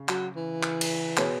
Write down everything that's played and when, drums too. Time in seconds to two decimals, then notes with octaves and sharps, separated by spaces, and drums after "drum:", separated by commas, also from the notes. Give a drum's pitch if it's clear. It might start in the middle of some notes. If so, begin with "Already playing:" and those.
Already playing: C#3
0.09 F#3, drum: clap
0.36 E3
0.63 drum: clap
0.81 drum: cymbal
1.17 B2 B3 G#4 C#5, drum: clap